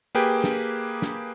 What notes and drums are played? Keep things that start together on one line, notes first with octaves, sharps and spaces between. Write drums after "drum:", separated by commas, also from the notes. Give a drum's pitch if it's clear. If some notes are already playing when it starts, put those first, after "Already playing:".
A#3 G4 G#4 B4 G5
drum: snare
drum: snare